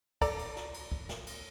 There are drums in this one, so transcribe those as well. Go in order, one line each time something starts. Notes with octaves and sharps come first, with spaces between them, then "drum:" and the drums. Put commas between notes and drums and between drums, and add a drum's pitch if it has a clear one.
A4 D5 A#5, drum: kick, cymbal
drum: cymbal
drum: snare
drum: cymbal
drum: kick
drum: snare
drum: cymbal